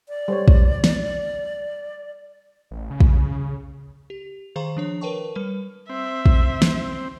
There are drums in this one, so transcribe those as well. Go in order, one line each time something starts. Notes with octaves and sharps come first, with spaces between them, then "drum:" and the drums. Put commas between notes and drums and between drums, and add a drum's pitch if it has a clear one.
D5
G3 C5 C#5
drum: kick
drum: snare
A1
C#3
drum: kick
G4
D#3 G#4 C5 F5 A#5 C6
F3 D4 C#5
A#4 B4 C#5 G5 A5 C#6
G3 B4
C4 E5
drum: kick
drum: snare